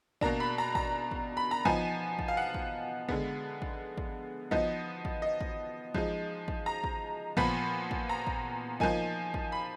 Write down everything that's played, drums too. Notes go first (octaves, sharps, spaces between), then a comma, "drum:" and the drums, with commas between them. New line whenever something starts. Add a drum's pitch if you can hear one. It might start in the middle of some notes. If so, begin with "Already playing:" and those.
B2 A#3 D4 A#5, drum: kick
B5
A#5
A#5, drum: kick
drum: kick
B5
A#5
F3 B3 D#4 G#5, drum: kick
drum: kick
F5
F#5
drum: kick
D3 G#3 B3, drum: kick
drum: kick
drum: kick
F3 B3 D#4 D#5, drum: kick
drum: kick
D#5
drum: kick
F3 G#3 D#4, drum: kick
drum: kick
A#5
drum: kick
A#2 F3 B3 B5, drum: kick
drum: kick
A#5
drum: kick
F3 A#3 D#4 G#5, drum: kick
drum: kick
B5